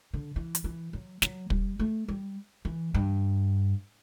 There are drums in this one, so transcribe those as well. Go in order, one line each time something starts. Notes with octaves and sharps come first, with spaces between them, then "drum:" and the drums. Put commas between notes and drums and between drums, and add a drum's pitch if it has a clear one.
D3
E3
drum: hi-hat
E3
F#3
F#3, drum: snare
G3, drum: kick
A3
G3
E3
G2